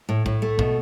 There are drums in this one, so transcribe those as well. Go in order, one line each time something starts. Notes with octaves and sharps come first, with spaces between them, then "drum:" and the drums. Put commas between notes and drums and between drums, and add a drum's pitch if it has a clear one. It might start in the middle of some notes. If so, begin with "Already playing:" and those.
A2
A2, drum: kick
A3
B2, drum: kick